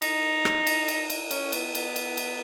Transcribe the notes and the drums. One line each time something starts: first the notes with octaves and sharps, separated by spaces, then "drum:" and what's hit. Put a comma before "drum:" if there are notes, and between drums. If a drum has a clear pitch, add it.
D#4, drum: cymbal
drum: rim click
drum: cymbal
drum: cymbal
drum: cymbal
C#4, drum: cymbal
B3, drum: cymbal
B3, drum: cymbal
drum: cymbal
drum: cymbal